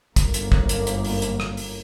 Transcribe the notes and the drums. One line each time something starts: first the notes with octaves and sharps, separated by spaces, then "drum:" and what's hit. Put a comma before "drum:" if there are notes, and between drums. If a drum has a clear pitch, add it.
G1 F#2 A#3, drum: kick, hi-hat
drum: hi-hat
drum: kick
drum: hi-hat
drum: hi-hat
drum: open hi-hat
drum: hi-hat
drum: rim click
drum: open hi-hat